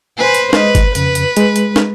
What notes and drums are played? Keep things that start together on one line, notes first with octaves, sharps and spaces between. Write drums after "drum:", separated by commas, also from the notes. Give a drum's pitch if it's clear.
B4 C5 G#5
drum: hi-hat
G#3 B4 D#5, drum: snare
drum: kick G1, hi-hat
F2 C#3 B4, drum: hi-hat
drum: hi-hat
G#3, drum: hi-hat
drum: hi-hat
drum: snare